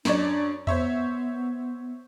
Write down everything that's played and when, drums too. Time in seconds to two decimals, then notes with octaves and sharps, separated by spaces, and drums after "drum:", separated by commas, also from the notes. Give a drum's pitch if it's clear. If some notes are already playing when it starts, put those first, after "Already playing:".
0.05 F#2 D4 C#5 D5, drum: snare
0.67 B3 C5 C#5 E5, drum: tom E2